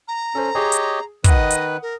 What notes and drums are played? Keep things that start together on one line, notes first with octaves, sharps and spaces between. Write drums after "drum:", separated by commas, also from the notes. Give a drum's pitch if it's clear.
A#5
C#4 A4 C5
G4 G#4 C#5 D#5
drum: hi-hat
D#3 B4 D#5 F#5 D#6, drum: kick, hi-hat
drum: hi-hat
A#4